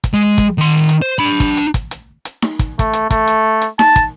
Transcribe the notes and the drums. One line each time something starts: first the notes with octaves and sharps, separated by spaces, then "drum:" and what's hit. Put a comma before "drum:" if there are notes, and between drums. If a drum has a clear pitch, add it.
drum: kick, hi-hat
G#3
drum: kick, hi-hat
D#3 C6
drum: hi-hat
C5
D4 B5
drum: kick, hi-hat
drum: hi-hat
drum: kick, hi-hat
drum: hi-hat
drum: hi-hat
drum: snare D#4
drum: kick, hi-hat
A3, drum: kick, hi-hat
drum: hi-hat
A3, drum: kick, hi-hat
drum: hi-hat
drum: hi-hat
A5, drum: snare D#4
drum: kick, hi-hat